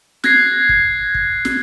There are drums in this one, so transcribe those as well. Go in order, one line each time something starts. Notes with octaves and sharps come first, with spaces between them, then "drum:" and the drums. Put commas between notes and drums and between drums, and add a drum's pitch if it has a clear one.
F#6 G#6 A#6 C7, drum: snare
drum: kick
drum: kick
drum: snare